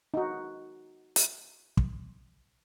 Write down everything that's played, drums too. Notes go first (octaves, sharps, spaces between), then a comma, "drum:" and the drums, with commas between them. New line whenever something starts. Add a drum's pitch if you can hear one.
D#4 F#4
drum: hi-hat
drum: kick